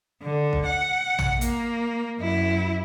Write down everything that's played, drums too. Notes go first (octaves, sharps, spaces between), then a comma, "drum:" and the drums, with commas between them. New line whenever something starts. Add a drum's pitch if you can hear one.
D3
drum: kick
F#5
drum: tom A#1
A#3, drum: hi-hat
F#2 E4